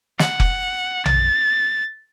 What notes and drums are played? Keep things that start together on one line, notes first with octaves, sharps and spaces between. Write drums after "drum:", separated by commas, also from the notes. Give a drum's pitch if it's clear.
F#5, drum: snare
drum: kick F1
A6, drum: tom A#1